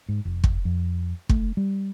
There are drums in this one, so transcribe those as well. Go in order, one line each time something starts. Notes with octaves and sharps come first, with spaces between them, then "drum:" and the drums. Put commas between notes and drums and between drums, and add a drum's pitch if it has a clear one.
G#2
F1
drum: kick
F2
A3, drum: kick
G3